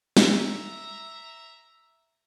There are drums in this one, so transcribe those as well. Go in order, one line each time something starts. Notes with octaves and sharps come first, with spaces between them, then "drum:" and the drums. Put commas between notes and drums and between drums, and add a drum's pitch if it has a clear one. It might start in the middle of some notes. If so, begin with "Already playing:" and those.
E5 A#5, drum: snare